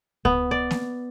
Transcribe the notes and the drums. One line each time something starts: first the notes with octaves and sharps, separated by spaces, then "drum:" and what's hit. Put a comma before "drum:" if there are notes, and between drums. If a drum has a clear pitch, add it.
B3, drum: kick C#2
D5
drum: snare A#3